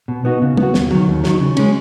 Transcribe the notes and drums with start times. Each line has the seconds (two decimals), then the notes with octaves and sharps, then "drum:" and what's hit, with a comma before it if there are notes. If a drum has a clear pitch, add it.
0.08 B2
0.25 B3 D#4 F#4
0.42 C#3
0.57 B3, drum: tom
0.63 F#4
0.74 D#2, drum: snare
0.91 D#3 F#3, drum: tom
1.08 D#2
1.24 D#3 F#3, drum: snare
1.40 C#3
1.57 G#3 C#4, drum: cymbal